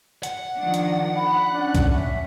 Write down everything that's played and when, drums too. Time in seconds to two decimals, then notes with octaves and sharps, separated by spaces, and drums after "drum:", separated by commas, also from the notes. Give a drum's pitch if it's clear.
0.23 F#5, drum: hi-hat
0.59 D#3 F3 D4
0.74 drum: hi-hat
1.16 B5
1.52 C#4 D4
1.75 drum: kick C2, hi-hat
1.93 E5